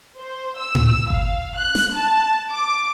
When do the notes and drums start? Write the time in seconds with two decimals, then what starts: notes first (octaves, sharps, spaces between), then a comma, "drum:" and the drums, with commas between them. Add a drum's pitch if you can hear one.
0.19 C5
0.57 E6
0.75 drum: tom A2
1.10 F5, drum: kick G1
1.57 F#6
1.75 drum: snare
1.95 A5
2.51 D6